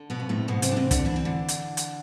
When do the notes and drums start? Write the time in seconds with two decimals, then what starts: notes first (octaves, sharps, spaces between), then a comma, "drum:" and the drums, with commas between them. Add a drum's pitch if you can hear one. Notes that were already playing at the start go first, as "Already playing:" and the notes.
Already playing: D3
0.10 B2 B3
0.20 F2
0.29 A2 A3
0.48 G#2 B2 B3
0.62 C3 C4, drum: hi-hat
0.71 D4
0.76 C3 E3 C4
0.91 D3 D4, drum: kick, hi-hat
1.05 E3 D4
1.16 C4
1.25 D3 D4
1.48 drum: hi-hat
1.77 drum: hi-hat